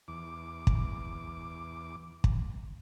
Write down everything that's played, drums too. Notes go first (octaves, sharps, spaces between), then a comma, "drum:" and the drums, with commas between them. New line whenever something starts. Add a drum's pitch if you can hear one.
E2 D6
drum: kick
drum: kick